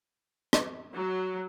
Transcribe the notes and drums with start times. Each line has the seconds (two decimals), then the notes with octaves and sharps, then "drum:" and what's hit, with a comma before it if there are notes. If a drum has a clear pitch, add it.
0.53 drum: rim click
0.94 F#3